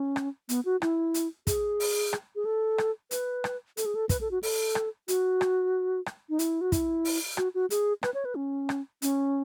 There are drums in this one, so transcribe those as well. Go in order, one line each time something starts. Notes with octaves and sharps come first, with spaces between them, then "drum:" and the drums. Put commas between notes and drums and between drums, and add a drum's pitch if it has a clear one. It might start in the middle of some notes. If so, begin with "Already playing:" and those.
Already playing: C#4
drum: rim click
B3, drum: hi-hat
F#4
E4, drum: rim click
drum: hi-hat
G#4, drum: kick, hi-hat
drum: open hi-hat
drum: rim click
G#4
A4
drum: rim click
B4, drum: hi-hat
drum: rim click
A4, drum: hi-hat
G#4
A4
B4, drum: kick, hi-hat
A4
F#4
A4, drum: open hi-hat
drum: rim click
F#4, drum: hi-hat
drum: rim click
drum: rim click
D#4
E4, drum: hi-hat
F#4
E4, drum: kick, hi-hat
drum: open hi-hat
F#4, drum: rim click
F#4
G#4, drum: hi-hat
B4, drum: rim click
C#5
B4
C#4
drum: rim click
C#4, drum: hi-hat